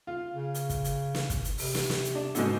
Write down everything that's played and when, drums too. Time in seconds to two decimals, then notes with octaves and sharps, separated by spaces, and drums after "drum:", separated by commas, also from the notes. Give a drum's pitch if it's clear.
0.07 F4
0.33 C#3
0.54 drum: hi-hat
0.69 drum: kick, hi-hat
0.85 drum: hi-hat
1.15 drum: snare
1.30 drum: kick, hi-hat
1.45 drum: hi-hat
1.58 C3, drum: open hi-hat
1.75 drum: snare
1.90 drum: snare
2.05 drum: hi-hat
2.15 D4
2.35 G#2 B2 D3, drum: hi-hat